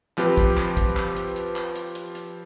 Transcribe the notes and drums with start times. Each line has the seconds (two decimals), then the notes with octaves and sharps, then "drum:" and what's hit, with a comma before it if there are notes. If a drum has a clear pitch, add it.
0.18 F3 C4 G4 B4, drum: clap
0.37 drum: kick, hi-hat
0.57 drum: clap
0.77 drum: kick, hi-hat
0.97 drum: clap
1.16 drum: hi-hat
1.36 drum: hi-hat
1.56 drum: clap
1.76 drum: hi-hat
1.95 drum: hi-hat
2.15 drum: hi-hat